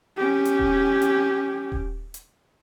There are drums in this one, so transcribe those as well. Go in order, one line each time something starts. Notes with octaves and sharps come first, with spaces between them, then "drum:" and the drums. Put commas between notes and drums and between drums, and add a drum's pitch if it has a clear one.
C#4 G4
drum: hi-hat
drum: kick D#1
drum: hi-hat
drum: kick D#1
drum: hi-hat